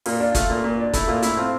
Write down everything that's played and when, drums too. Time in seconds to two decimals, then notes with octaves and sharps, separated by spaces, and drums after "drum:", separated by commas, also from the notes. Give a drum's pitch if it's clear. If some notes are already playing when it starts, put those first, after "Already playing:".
0.06 A#2 F4, drum: open hi-hat
0.20 D4 F4
0.35 A3 F4, drum: kick F#1, hi-hat
0.50 A#2
0.64 A#2
0.79 D4
0.93 A3 E4, drum: kick F#1, hi-hat
1.08 A#2 F4
1.22 A2 E4, drum: hi-hat
1.37 C4 F4